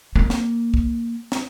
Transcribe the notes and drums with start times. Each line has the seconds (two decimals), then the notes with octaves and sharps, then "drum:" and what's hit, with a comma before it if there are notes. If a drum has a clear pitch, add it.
0.16 A#3
0.30 drum: snare
0.74 drum: kick
1.32 drum: snare